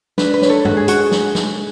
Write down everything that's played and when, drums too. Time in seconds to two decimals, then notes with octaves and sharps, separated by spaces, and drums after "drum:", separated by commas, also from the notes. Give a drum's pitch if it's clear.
0.18 D4 B4, drum: snare
0.34 B4
0.42 C#5, drum: snare
0.49 A4
0.65 G#3 F#4, drum: tom G2
0.77 G#4
0.88 F#4 G#4, drum: hi-hat
1.12 drum: snare
1.35 drum: snare